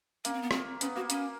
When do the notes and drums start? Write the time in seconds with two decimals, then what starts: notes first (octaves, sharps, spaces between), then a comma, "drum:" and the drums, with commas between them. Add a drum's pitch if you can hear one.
0.25 A#3 C#4, drum: hi-hat
0.34 C4
0.42 B3
0.51 C4, drum: rim click
0.81 B3 C#4, drum: hi-hat
0.96 A#3 F#4
1.10 C#4, drum: hi-hat